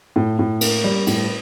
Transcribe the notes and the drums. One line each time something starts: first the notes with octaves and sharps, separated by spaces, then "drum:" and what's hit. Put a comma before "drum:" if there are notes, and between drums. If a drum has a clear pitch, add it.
A2
A2
A#3, drum: cymbal
G3
A2, drum: cymbal